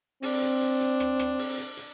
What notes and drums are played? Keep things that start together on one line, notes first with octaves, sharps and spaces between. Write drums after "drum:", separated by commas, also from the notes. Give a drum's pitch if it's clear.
C4 D4, drum: open hi-hat
drum: hi-hat
drum: hi-hat
drum: hi-hat
drum: rim click
drum: rim click
drum: open hi-hat
drum: hi-hat
drum: hi-hat